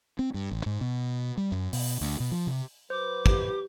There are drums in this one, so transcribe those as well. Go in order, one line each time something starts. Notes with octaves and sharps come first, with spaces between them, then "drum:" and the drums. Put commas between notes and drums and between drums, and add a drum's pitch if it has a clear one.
C4
G2
A1
G#2
B2
G3
F#2
B2, drum: open hi-hat
D2
B2
F3
C3
F#3 B4 C5 D6
G4, drum: kick